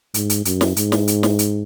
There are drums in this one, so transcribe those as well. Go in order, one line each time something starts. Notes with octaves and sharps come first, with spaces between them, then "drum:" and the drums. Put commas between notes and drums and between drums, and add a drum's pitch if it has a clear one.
G#2, drum: hi-hat
drum: hi-hat
F#2, drum: hi-hat
drum: snare
G#2, drum: hi-hat
drum: snare
drum: hi-hat
drum: snare
drum: hi-hat